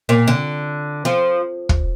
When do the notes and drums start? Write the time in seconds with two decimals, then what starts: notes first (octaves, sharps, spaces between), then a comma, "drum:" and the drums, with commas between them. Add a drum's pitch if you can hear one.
0.09 A#2
0.28 D3
1.05 F3
1.69 drum: kick